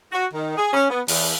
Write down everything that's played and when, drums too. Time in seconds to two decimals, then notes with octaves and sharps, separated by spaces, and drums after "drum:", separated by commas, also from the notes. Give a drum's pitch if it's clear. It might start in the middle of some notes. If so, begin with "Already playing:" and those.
0.12 F#4
0.33 D#3
0.57 G#4
0.73 C#4
0.90 B3
1.08 E2, drum: open hi-hat